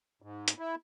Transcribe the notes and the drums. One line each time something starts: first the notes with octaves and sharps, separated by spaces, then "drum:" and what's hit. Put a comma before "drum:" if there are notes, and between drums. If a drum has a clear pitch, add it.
G#2
drum: hi-hat
E4